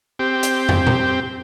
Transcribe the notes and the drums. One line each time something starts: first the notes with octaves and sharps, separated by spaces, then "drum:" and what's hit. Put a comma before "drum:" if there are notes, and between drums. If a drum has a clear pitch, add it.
C4 G4
drum: hi-hat
drum: tom
drum: tom